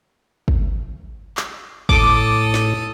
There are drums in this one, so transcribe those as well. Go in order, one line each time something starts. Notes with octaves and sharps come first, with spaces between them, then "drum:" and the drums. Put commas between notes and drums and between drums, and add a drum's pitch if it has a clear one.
drum: kick
drum: clap
A2 A4 D6 D#6, drum: kick
drum: snare